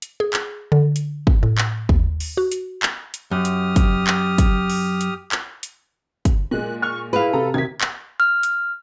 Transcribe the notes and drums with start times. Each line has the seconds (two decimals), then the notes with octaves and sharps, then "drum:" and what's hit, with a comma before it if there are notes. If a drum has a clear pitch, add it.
0.02 drum: hi-hat
0.20 G#4
0.33 drum: clap
0.72 D3
0.96 drum: hi-hat
1.27 drum: kick
1.43 A2
1.58 drum: clap
1.89 D#2, drum: kick
2.20 drum: open hi-hat
2.37 F#4
2.51 drum: hi-hat
2.83 drum: clap
3.14 drum: hi-hat
3.31 F#2 G4 D#6 F6
3.45 drum: hi-hat
3.76 drum: kick, hi-hat
4.07 drum: clap
4.38 drum: kick, hi-hat
4.70 drum: open hi-hat
5.01 drum: hi-hat
5.32 drum: clap
5.63 drum: hi-hat
6.25 drum: kick, hi-hat
6.51 A#2 G#3 F#6
6.82 C#6 F6
7.13 E4 G#4 B4 F5
7.33 C3 A4 A#5
7.54 C3 D#3 G4 G#6 B6
7.81 drum: clap
8.20 F6
8.43 drum: hi-hat